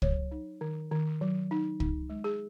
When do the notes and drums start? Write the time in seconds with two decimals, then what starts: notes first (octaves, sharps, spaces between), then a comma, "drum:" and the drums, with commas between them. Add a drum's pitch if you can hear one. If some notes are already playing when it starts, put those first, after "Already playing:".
0.02 F#3 C#5, drum: kick
0.31 D#4
0.61 D#3
0.92 D#3
1.21 F#3
1.51 D#4
1.80 D#4, drum: kick
2.10 G#3
2.24 G#4